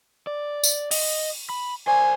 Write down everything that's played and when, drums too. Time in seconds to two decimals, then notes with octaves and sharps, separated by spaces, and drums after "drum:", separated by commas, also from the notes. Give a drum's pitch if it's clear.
0.27 D5
0.64 drum: tambourine
0.91 D#5, drum: open hi-hat
1.50 B5
1.87 C5 D5 G#5